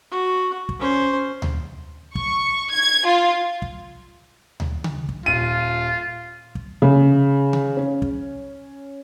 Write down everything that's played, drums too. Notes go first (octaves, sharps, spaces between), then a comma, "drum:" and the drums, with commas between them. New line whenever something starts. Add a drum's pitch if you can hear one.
F#4
drum: kick
C#4 C5
drum: tom D2
C#6, drum: kick
G#6
F4
drum: kick
drum: tom D2
drum: tom C#3
drum: kick
D#1 F4 D#7
drum: kick
C#3
drum: tom C#3
C#4
drum: kick